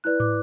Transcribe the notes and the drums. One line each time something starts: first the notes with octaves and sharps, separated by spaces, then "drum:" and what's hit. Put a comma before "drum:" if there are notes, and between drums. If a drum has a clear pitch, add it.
E4 B4 D5 F#6
D6, drum: tom